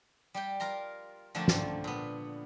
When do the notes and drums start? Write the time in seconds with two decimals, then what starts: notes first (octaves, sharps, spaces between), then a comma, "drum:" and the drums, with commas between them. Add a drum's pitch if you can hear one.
0.34 G3 G4 G5
0.60 F4 A#4 F5 A#5 C6
1.35 D3 F3 A3 A#3 C4 D4
1.48 drum: snare
1.84 A#2 B3